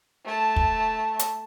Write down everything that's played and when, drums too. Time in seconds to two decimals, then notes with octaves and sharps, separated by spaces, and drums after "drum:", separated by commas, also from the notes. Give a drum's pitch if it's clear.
0.25 A3 A5
0.56 drum: kick
1.19 drum: hi-hat